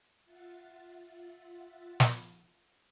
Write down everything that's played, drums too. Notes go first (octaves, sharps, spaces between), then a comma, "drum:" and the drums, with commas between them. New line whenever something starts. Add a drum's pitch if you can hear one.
F4 E5 F#5 A6
drum: snare